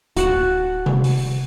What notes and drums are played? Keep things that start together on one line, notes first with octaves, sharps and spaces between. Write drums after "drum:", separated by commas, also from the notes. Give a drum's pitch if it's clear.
D1 F#4 F#5 A5, drum: hi-hat
drum: tom C3
drum: open hi-hat